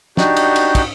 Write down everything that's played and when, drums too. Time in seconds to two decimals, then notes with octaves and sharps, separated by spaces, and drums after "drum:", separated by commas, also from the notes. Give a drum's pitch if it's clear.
0.17 D4 D#4 F#4 G4, drum: snare
0.37 drum: cymbal
0.56 drum: cymbal
0.75 drum: kick, cymbal